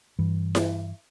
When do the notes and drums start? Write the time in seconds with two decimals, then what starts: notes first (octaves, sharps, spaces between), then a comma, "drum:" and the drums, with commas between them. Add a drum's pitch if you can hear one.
0.19 G2 E3
0.55 drum: snare E4